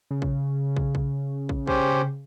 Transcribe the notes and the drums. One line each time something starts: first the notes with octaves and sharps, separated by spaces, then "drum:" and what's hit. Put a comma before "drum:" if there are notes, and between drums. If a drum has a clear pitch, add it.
C#3
drum: kick
drum: kick
drum: kick
drum: kick
C#4 G4 C5, drum: kick